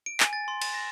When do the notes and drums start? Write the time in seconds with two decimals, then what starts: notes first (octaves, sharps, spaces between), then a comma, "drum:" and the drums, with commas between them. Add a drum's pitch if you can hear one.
0.06 D7
0.20 G#5, drum: clap
0.33 A6
0.48 C6
0.62 A6, drum: cymbal
0.74 A#6